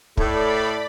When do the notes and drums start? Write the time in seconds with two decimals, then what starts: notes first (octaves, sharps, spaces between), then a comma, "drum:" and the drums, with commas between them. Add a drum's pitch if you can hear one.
0.17 A2 D5 B5, drum: kick